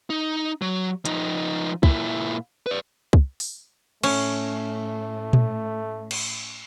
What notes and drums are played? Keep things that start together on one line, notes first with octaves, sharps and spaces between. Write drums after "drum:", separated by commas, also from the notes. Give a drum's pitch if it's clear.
D#4
F#3
F3 D#4, drum: hi-hat
A#2 E4, drum: kick
B4 D5
drum: kick
drum: open hi-hat
A2 A3 C#4, drum: cymbal
drum: tom A#2
drum: cymbal